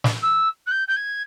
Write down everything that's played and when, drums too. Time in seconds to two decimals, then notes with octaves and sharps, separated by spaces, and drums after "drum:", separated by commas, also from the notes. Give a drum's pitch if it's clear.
0.04 drum: snare
0.22 E6
0.66 F#6
0.71 G6
0.87 G6
0.96 G#6